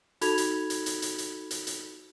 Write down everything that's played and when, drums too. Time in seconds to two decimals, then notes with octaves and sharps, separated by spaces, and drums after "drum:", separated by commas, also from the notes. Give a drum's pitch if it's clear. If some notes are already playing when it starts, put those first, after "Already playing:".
0.21 D#4 F#4 A4 B5 G#6 F7, drum: hi-hat
0.38 drum: hi-hat
0.70 drum: hi-hat
0.86 drum: hi-hat
1.02 drum: hi-hat
1.18 drum: hi-hat
1.51 drum: hi-hat
1.67 drum: hi-hat